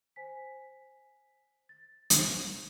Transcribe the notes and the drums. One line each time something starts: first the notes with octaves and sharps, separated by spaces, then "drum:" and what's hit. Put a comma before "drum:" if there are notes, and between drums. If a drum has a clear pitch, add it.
C5 G#5 B6
A6
drum: hi-hat